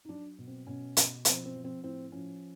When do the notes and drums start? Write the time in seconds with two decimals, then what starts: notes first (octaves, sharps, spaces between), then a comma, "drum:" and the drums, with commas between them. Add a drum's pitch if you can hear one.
0.05 D#4
0.09 F#3 D4
0.38 B2
0.47 C4
0.67 B2 C#4
0.97 B2, drum: hi-hat
1.25 F3 C4, drum: hi-hat
1.45 C4
1.55 F3
1.64 C4
1.83 A2 C4
2.12 F3 C#4